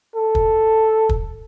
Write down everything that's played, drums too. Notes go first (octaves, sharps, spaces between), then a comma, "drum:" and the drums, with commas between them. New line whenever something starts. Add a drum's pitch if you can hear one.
A4
drum: kick
drum: kick